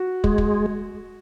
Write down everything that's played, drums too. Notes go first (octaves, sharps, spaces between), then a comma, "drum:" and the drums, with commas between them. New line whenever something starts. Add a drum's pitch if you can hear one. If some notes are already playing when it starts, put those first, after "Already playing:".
Already playing: F#4
G#3, drum: kick
drum: kick